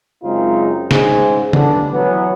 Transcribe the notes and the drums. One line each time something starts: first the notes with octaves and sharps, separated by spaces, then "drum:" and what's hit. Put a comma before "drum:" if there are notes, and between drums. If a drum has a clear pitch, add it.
F#2 C#3 G#3 C4 D#4 F4
G#2 C#3 G#4, drum: snare
D3 G3 A3 B3 D4, drum: tom
E3 F#3 B3